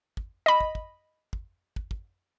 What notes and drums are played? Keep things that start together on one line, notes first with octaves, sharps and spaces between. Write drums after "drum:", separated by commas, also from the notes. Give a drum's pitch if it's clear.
drum: kick
D#5 B5
drum: kick
drum: kick
drum: kick
drum: kick
drum: kick